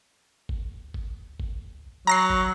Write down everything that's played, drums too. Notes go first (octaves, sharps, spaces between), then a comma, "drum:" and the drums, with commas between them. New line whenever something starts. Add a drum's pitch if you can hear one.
drum: kick G1
drum: kick G1
drum: kick G1
F#3 A#5 A#6 C7
drum: kick G1